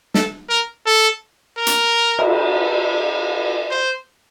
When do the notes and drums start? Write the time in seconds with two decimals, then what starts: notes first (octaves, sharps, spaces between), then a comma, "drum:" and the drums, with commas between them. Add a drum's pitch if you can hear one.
0.14 A4, drum: snare
0.49 A#4
0.86 A4
1.57 A#4
1.67 drum: hi-hat
2.19 drum: cymbal
3.71 C5